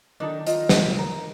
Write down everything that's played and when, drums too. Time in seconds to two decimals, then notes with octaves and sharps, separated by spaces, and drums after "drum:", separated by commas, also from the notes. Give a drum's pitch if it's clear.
0.20 D#3 D4 D#4 A4
0.47 F4 D#5, drum: hi-hat
0.69 drum: snare
0.99 A#4